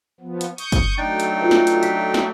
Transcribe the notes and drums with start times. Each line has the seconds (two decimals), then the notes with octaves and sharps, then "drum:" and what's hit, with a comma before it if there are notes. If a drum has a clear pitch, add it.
0.20 F3 B3
0.41 drum: hi-hat
0.58 C#6 D#6 G6, drum: hi-hat
0.72 drum: kick, hi-hat
0.98 F#3 A3 D4 D#4 G5 A6
1.20 drum: hi-hat
1.42 F4 B4
1.51 drum: snare
1.67 drum: hi-hat
1.83 B6, drum: hi-hat
2.14 drum: snare